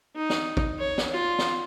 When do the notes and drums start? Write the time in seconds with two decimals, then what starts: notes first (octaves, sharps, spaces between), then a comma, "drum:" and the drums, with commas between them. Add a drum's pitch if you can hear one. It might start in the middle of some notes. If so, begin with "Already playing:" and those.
0.16 D#4
0.30 drum: snare
0.57 drum: kick
0.79 C#5
0.98 drum: snare
1.11 F4
1.39 drum: snare